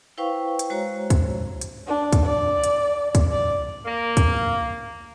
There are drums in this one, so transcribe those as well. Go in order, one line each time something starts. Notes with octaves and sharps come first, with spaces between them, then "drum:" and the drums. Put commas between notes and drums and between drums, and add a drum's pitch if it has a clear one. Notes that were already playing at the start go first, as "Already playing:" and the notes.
E4 B4 C5 F5 G5 C#6
drum: hi-hat
G#3 F#4 C5 C#5 A#5
drum: kick, hi-hat
drum: hi-hat
D4
drum: kick, hi-hat
D5
drum: hi-hat
drum: kick, hi-hat
D5
A#3
drum: kick, hi-hat